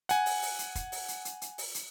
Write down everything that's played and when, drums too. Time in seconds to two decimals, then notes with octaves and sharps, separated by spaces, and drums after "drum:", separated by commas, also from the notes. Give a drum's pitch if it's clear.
0.09 F#5 G#5, drum: hi-hat
0.26 drum: open hi-hat
0.42 drum: open hi-hat
0.59 drum: hi-hat
0.75 drum: kick, hi-hat
0.92 drum: open hi-hat
1.08 drum: hi-hat
1.25 drum: hi-hat
1.42 drum: hi-hat
1.58 drum: open hi-hat
1.75 drum: hi-hat